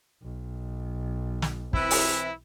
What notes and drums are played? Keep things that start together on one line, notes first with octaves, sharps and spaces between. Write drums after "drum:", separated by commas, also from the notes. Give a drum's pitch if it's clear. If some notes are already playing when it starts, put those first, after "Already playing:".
B1
drum: snare
E3 C4 E4, drum: kick
drum: open hi-hat